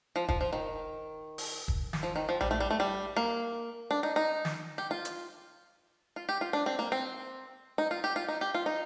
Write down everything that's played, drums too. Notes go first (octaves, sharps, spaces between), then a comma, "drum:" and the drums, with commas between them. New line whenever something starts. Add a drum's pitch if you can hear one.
F3
F3, drum: kick
F3
D#3
drum: open hi-hat
drum: kick
drum: snare
F3
D#3
F3
G3, drum: tom A#1
A3
G3
A3
G3
A#3
D4
D#4
D#4
drum: snare
G4
F4
drum: hi-hat
F4
G4
F4
D4
C4
A#3
C4
D#4
F4
G4
F4
D#4
G4
F4
D#4